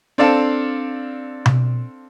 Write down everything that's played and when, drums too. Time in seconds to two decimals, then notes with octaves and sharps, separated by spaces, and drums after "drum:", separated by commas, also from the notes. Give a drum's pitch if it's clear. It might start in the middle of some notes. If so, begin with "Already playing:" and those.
0.18 C4 D4 A4 D5 F5 A5
1.46 drum: tom B2